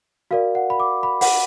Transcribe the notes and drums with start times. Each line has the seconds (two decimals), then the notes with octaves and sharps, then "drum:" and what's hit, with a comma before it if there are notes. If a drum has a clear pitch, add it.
0.31 F#4 A#4 D5 F5
0.55 F#5
0.70 B5
0.80 D6
1.03 B5
1.21 F#5, drum: open hi-hat